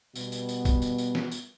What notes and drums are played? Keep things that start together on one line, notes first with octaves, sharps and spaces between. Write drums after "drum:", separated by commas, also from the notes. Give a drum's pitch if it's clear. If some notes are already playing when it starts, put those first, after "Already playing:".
B2 G3 B3, drum: tambourine
drum: tambourine
drum: tambourine
drum: kick, tambourine
drum: tambourine
drum: tambourine
drum: snare
drum: tambourine